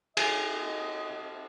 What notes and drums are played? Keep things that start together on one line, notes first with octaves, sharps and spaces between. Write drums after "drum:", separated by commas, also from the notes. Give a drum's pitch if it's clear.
G#4 D#5, drum: cymbal